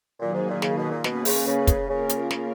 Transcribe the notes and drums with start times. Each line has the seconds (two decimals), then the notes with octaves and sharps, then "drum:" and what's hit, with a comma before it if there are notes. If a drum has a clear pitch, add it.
0.20 A#2 D#3 F#3 A#3 D#4 G#4
0.34 G#2
0.48 A#2
0.62 C#3, drum: snare
0.77 B2
0.90 A#2
1.04 B2 A#3 C#4 G#4 B4, drum: snare
1.25 C#3, drum: open hi-hat
1.46 C#3
1.67 drum: kick, hi-hat
1.88 C#3 A#3 C#4 F4 A#4
2.09 drum: hi-hat
2.31 C#3, drum: snare